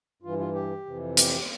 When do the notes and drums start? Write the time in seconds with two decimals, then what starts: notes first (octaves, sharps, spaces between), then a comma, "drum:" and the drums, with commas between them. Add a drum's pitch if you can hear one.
0.22 G2 E3 F4
0.39 F4
0.54 G4
0.86 F2 C3 E3
1.17 G4, drum: hi-hat